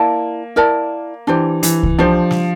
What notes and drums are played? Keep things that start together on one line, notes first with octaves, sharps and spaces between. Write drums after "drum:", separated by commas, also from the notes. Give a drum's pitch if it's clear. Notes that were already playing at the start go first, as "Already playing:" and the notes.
Already playing: A#3 E4 D5 A5
E4 A#4 D5 A5
E3 D4 G4 C5
E3, drum: hi-hat
drum: kick C2
F3 D4 G4 C5
drum: snare